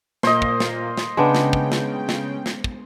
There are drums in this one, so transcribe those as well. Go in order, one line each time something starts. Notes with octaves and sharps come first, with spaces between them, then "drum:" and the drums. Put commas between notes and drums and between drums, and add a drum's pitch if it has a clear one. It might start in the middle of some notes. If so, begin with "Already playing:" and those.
A#2 A#3 C5 D#5, drum: snare
drum: kick
drum: snare
drum: snare
C#3 G#3 B3 D4 G5
drum: snare
drum: kick
drum: snare
drum: snare
drum: snare
drum: kick